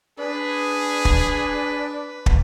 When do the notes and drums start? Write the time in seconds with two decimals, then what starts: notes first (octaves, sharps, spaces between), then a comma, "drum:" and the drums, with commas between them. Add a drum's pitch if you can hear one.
0.19 D4 G#4 B4
1.05 drum: kick
2.26 drum: kick